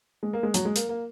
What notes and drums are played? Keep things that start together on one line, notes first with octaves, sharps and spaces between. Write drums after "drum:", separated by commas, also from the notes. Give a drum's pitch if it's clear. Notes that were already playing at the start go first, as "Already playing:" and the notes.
G#3
A#3
G#3
F#3, drum: hi-hat
G#3
A#3, drum: hi-hat
A#3